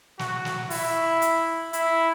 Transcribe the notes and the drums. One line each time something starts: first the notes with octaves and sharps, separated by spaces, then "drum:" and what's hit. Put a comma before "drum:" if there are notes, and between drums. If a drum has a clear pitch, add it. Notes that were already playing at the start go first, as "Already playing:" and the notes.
F#4, drum: snare
drum: snare
E4, drum: open hi-hat
drum: hi-hat
E4, drum: hi-hat